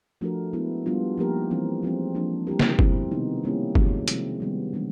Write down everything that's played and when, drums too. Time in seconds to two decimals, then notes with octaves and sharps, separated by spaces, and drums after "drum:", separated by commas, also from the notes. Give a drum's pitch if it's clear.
0.21 F3 A3 D4 F#4 A#4
0.53 G#3 B3 E4
0.86 G3 B3 D4 F4
1.17 F3 A#3 D#4 G4 A#4
1.51 E3 G3 C4
1.83 F3 G#3 C4
2.15 F3 A#3 D4
2.47 G3 C4 E4 G4 A#4
2.59 drum: snare
2.79 B2 G3 C4 E4, drum: kick F#1
3.11 C3 D#3 G#3 B3 D#4
3.43 G3 A#3 C#4 E4 G4
3.75 D#3 G#3 C#4 F#4, drum: kick F#1
4.08 C3 F3 G#3 C4 E4, drum: hi-hat
4.40 D#3 G3 B3
4.73 C#3 E3 G3 A#3 D4